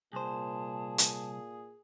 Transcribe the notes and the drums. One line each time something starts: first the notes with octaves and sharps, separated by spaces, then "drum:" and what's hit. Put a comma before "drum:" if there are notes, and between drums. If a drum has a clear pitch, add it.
C2 A#2 G#4 C5 A5
drum: hi-hat